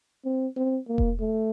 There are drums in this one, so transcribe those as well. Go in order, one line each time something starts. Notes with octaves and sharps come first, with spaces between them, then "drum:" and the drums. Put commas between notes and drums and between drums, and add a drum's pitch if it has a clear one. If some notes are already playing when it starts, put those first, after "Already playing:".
C4
C4
A#3
drum: kick E1
A3